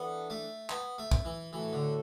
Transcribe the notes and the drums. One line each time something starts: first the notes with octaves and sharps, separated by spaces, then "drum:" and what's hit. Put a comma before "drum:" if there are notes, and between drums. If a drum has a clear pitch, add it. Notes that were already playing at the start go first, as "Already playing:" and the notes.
Already playing: E3 B3 D4 A4
A3
B3, drum: clap
A3
drum: kick
E3
A2 E3 A3 F#4 A4
D3